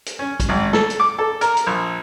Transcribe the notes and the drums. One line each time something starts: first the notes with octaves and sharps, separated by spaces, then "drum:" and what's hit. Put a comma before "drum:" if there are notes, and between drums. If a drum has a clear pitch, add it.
drum: hi-hat
C#4
drum: kick, hi-hat
G#1
A4, drum: snare
drum: hi-hat
D6
A4
A#4, drum: hi-hat
drum: hi-hat
A#1